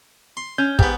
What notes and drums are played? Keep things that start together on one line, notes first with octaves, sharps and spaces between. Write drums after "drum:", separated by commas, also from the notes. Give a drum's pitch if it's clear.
C6
C#4 G6
G#2 B3 G4, drum: kick